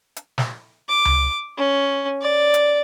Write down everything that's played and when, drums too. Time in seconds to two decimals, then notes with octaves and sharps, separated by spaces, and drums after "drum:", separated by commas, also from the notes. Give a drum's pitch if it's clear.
0.16 drum: hi-hat
0.38 drum: snare
0.89 D6
1.05 drum: tom C#2
1.57 C#4
2.21 D5
2.54 drum: hi-hat